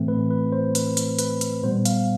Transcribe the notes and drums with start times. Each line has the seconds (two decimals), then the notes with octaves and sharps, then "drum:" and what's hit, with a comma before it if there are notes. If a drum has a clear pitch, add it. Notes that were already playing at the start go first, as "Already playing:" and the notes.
Already playing: A2 E3 A3 C4
0.08 B4
0.31 B4
0.52 C5
0.75 B4, drum: hi-hat
0.97 drum: hi-hat
1.19 B4, drum: hi-hat
1.41 drum: hi-hat
1.63 A#2 G3 B3 C5
1.85 F5, drum: hi-hat